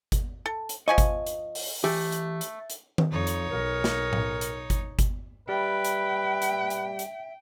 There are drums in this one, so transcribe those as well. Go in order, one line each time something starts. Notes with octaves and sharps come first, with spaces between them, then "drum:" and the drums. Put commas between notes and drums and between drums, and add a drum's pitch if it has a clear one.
drum: kick G1, hi-hat
A4
drum: hi-hat
F3 D#5 G#5 C#6
drum: kick G1, hi-hat
drum: hi-hat
drum: open hi-hat
E3 A3 G4
drum: hi-hat
drum: hi-hat
drum: hi-hat
drum: tom D#3
F2 D#4 C#5
drum: hi-hat
B1 A#4
drum: snare
drum: tom A2
drum: hi-hat
drum: kick G1, hi-hat
drum: kick G1, hi-hat
G3 B4 E5 G5
drum: hi-hat
drum: hi-hat
drum: hi-hat
drum: hi-hat